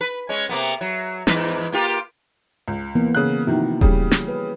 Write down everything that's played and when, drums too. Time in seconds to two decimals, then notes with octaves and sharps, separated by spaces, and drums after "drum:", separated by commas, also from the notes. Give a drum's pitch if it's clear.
0.01 B4
0.29 G#3 C#4
0.49 C3 A#3 B3
0.81 F#3
1.27 E2 G#2 B4, drum: snare
1.72 A#3 F4 G4
2.68 C#2
2.95 E3 A#3 B3
3.15 C#3 F#6
3.47 C3 D#3 F3 E4 F#4
3.81 C#3 G3, drum: kick D#1
4.11 drum: snare
4.28 B4